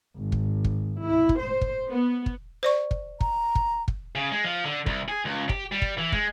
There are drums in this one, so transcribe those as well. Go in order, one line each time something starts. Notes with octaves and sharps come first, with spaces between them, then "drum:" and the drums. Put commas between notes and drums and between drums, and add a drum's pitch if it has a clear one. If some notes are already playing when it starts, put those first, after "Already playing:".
G#1
drum: kick
drum: kick
E4
drum: kick
C5
drum: kick
B3
drum: kick
C5 D5 C#6
drum: kick
A#5, drum: kick
drum: kick
drum: kick
C#3
G#3
F3
D3
C2, drum: kick
G#4
C#2
G4, drum: kick
G3
drum: kick
E3
G#3, drum: kick